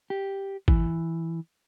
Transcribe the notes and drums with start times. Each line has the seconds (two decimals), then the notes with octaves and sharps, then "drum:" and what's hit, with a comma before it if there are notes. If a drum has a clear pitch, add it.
0.10 G4
0.68 E3, drum: kick